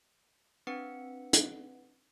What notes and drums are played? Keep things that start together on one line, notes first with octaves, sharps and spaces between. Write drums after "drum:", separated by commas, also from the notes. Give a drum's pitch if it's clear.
C4 D4 B4 F#5 C#7
drum: hi-hat